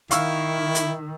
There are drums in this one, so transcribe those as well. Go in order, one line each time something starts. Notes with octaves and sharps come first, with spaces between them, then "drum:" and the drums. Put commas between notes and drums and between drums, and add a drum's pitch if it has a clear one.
D#3 E4 F5 C#6 E6, drum: hi-hat
drum: hi-hat